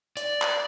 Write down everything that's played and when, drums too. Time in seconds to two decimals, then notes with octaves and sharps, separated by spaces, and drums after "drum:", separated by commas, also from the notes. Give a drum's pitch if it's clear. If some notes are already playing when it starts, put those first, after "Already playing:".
0.17 D5, drum: hi-hat
0.42 drum: clap